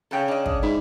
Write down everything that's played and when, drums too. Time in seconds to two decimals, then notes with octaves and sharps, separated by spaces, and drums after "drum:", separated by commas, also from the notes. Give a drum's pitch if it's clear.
0.11 C#3 A4 G5
0.28 D4 D#5
0.46 drum: kick
0.63 G#2 E4